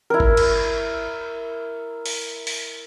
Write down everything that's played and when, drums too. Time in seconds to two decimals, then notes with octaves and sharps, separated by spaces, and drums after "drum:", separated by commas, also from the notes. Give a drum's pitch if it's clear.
0.10 E4 A#4
0.20 drum: kick
0.37 drum: cymbal
2.06 drum: open hi-hat
2.47 drum: open hi-hat